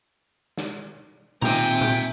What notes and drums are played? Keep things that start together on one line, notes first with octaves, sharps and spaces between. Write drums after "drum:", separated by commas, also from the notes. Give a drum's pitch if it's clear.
drum: snare
A#2 D#3 C4 E5 G5 G#5 A#5, drum: tom A#2
drum: tom A#2